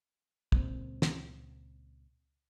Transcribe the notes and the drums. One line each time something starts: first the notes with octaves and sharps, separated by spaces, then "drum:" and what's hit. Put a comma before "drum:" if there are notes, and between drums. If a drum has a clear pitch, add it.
C#2 A#2 C4, drum: kick
drum: snare